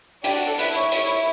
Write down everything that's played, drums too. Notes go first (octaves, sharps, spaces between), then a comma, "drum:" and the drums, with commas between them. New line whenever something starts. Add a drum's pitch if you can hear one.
D4 G4, drum: hi-hat
F#4
A4
E4 B4, drum: hi-hat
C#5
E4 C#5, drum: hi-hat